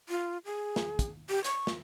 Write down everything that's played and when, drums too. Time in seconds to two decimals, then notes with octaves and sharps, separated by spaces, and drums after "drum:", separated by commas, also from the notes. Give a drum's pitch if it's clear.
0.09 F4
0.45 G#4
0.76 drum: snare
0.99 drum: kick, hi-hat
1.30 G4
1.44 C#6, drum: hi-hat
1.67 drum: snare